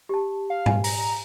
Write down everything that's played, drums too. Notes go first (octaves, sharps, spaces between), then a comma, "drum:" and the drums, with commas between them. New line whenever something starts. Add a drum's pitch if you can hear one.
G4 A5
F5
G#5, drum: tom G#2
A#5, drum: open hi-hat